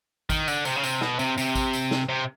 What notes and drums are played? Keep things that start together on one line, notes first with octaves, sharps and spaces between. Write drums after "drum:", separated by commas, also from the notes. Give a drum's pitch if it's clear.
D#3, drum: kick A1, tambourine
D3, drum: tambourine
C3, drum: tambourine
C#3
C3, drum: tambourine
B2, drum: snare
C3, drum: tambourine
C3, drum: tambourine
drum: kick A1, tambourine
drum: tambourine
drum: snare
C3